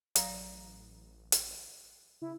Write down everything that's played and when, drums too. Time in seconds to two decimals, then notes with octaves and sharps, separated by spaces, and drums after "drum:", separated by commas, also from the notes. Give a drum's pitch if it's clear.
0.16 A1 F#3 F5 A#5, drum: hi-hat
1.32 drum: hi-hat
2.22 C#3 E4